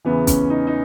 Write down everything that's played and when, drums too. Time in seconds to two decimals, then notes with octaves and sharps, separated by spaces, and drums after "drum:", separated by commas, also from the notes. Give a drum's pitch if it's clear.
0.05 E2 C#3 E3 B3
0.27 C#4, drum: kick, hi-hat
0.50 D#4
0.67 D#4